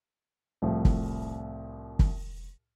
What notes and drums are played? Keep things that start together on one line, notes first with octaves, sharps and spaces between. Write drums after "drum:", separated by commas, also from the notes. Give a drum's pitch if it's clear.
C2 A2 F3
drum: kick
drum: kick